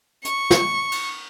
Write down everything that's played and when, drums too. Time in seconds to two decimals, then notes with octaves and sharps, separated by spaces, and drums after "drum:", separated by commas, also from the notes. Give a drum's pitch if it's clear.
0.25 C#6, drum: hi-hat
0.51 drum: snare
0.92 drum: cymbal